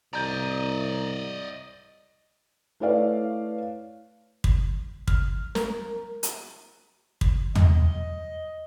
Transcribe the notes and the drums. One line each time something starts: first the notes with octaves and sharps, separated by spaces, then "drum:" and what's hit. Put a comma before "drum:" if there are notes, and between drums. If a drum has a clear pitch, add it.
C2 D5 D#5 A#5 G6
A3 E4 B4 C#5 D5 F5
drum: kick
F6, drum: kick
A#4, drum: snare
drum: hi-hat
drum: kick
D#5, drum: tom